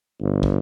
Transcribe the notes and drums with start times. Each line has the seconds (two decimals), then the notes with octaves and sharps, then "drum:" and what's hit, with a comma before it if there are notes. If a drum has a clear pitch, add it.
0.21 G1
0.43 drum: kick